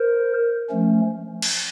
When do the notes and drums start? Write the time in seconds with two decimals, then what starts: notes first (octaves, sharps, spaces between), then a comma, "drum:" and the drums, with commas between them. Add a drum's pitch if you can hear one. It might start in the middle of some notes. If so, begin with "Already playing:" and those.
Already playing: A#4 C5
0.70 F3 A3 C#4
1.42 drum: cymbal